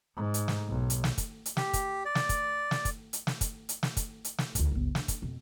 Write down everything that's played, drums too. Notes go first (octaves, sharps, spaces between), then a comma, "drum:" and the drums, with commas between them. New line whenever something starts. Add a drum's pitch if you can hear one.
G#2
drum: hi-hat
drum: snare
B1
drum: hi-hat
drum: snare
drum: kick, hi-hat
drum: hi-hat
G4, drum: snare
drum: kick, hi-hat
D5
drum: snare
drum: kick, hi-hat
drum: snare
drum: kick, hi-hat
drum: hi-hat
drum: snare
drum: kick, hi-hat
drum: hi-hat
drum: snare
drum: kick, hi-hat
drum: hi-hat
drum: snare
D2 D#3, drum: kick, hi-hat
G1 C#2
D4, drum: snare
drum: kick, hi-hat
F2 B2